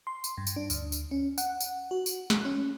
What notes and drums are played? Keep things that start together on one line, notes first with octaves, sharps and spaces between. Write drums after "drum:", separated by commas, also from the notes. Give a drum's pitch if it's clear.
C6
drum: tambourine
G2
drum: tambourine
D4
D2, drum: tambourine
drum: tambourine
C#4
F#5, drum: tambourine
drum: tambourine
F#4
drum: tambourine
F#6, drum: snare
C#4